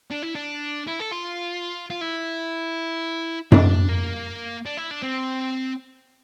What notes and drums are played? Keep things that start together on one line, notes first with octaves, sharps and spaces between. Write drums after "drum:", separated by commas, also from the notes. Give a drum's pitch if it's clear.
D4
E4
D4
E4
A4
F4
F4
E4
D4, drum: tom F#2
A#3
D4
E4
D4
C4